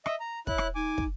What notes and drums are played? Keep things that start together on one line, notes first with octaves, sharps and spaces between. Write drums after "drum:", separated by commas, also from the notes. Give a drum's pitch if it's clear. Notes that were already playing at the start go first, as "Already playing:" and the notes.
D#5 E5, drum: rim click
A#5
E4 C#5 F#6, drum: kick
drum: rim click
D#4 G#5 D6
drum: kick